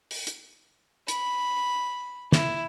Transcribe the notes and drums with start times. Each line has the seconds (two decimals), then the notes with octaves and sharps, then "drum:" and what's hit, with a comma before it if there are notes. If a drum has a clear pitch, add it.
0.11 drum: open hi-hat
0.27 drum: hi-hat
1.08 B5, drum: hi-hat
2.32 E4, drum: snare